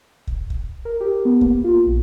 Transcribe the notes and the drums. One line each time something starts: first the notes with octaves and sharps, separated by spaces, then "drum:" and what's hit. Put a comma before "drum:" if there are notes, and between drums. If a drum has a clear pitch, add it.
drum: kick
drum: kick
A#4
G4
B3
A#3, drum: kick
F4
A#1